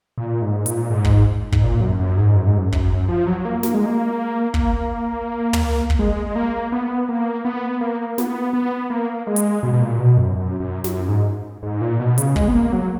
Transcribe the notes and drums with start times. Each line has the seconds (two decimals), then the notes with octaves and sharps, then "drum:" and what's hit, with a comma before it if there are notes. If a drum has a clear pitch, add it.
0.18 A#2
0.42 G#2
0.66 A#2, drum: hi-hat
0.90 G#2
1.05 drum: kick
1.52 G#2, drum: kick
1.64 A#2
1.81 F#2
2.00 F#2
2.17 G#2
2.36 F#2
2.47 G#2
2.58 F#2
2.72 F#2, drum: kick
3.08 F3
3.27 F#3
3.45 A#3
3.63 A#3, drum: snare
3.74 G#3
3.86 A#3
4.54 A#3, drum: kick
5.53 drum: tom
5.90 drum: kick
5.99 G#3
6.26 G#3
6.36 A#3
6.72 B3
7.09 A#3
7.45 B3
7.81 A#3
8.18 B3, drum: snare
8.53 B3
8.90 A#3
9.27 G#3
9.36 drum: hi-hat
9.63 B2
9.73 B2
9.81 A#2
9.99 B2
10.18 F#2
10.36 F#2
10.60 F#2
10.84 F#2, drum: snare
11.08 G#2
11.63 G#2
11.81 A#2
12.00 B2
12.18 C#3, drum: hi-hat
12.36 G#3, drum: kick
12.48 B3
12.54 A#3
12.72 F#3